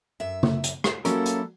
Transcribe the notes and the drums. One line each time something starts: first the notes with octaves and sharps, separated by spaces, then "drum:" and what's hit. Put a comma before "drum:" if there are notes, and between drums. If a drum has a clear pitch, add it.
F#2 E5
drum: tom C#3
drum: hi-hat
drum: rim click
F#3 G3 A#3 C#4 E4 A4 A#4, drum: hi-hat
drum: hi-hat